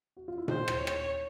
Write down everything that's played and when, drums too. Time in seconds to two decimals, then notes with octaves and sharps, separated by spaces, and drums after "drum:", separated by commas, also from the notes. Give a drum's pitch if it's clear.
0.17 F#4
0.28 F4
0.38 E4
0.48 D#4 C5, drum: tom A#2
0.68 drum: rim click
0.78 C#5
0.87 drum: rim click